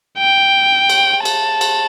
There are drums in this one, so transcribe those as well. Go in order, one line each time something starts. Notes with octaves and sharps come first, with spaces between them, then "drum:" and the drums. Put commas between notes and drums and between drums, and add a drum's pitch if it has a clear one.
G5
drum: cymbal
A5, drum: cymbal
drum: cymbal